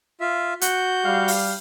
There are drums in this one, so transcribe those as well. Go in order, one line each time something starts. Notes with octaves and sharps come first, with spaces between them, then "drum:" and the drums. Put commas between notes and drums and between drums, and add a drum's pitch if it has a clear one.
F4 E5
F#4 F#5 G6, drum: hi-hat
G3 G4 F5
drum: open hi-hat